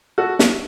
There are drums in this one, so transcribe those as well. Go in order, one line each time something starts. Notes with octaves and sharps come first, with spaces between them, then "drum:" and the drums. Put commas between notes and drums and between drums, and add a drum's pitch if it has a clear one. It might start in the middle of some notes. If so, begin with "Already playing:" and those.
F#4 A4
drum: snare